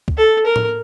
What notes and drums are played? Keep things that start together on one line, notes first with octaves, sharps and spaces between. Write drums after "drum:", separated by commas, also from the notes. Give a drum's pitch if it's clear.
drum: kick
A4
A#4
drum: tom A2